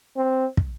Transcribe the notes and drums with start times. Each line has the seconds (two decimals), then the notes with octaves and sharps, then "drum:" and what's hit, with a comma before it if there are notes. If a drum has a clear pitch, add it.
0.17 C4
0.57 drum: kick